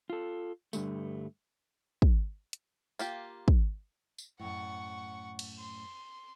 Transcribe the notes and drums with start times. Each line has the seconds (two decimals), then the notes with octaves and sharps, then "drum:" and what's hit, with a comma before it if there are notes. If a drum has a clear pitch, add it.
0.10 F4 A4
0.73 G2 D3 G3 A3, drum: tambourine
2.02 drum: kick
2.53 drum: hi-hat
2.99 A#3 F4 G4, drum: tambourine
3.48 drum: kick
4.18 drum: tambourine
4.39 F#2 A2 F#5 C#6
5.39 drum: cymbal
5.59 C6